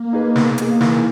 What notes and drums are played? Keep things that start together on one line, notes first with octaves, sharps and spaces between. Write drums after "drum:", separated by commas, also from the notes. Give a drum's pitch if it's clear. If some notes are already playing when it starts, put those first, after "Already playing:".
Already playing: A#3
D#4 G#4 B4
B3, drum: snare
D#4 G#4, drum: hi-hat
E3, drum: snare